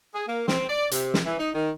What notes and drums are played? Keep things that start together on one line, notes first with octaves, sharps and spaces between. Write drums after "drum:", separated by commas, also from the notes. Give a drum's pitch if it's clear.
G#4
A#3
C4, drum: snare
D5
C3, drum: hi-hat
drum: snare
E3
D#4
D#3